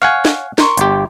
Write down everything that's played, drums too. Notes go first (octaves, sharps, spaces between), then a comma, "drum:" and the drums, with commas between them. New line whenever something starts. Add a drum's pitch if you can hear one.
C#5 F5 F#5 G#5
drum: snare
A#4 C6 C#6, drum: snare
G1 G4, drum: hi-hat